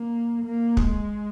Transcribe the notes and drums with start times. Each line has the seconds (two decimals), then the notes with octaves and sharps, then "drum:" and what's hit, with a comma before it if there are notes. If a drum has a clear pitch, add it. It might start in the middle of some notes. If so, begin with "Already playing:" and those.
Already playing: A#3
0.44 A#3
0.77 G#3, drum: kick